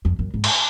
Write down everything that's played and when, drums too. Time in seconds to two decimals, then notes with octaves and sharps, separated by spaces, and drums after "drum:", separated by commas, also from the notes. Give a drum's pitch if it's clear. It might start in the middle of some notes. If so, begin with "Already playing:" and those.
0.05 F2
0.19 F#2
0.34 G#2
0.44 drum: cymbal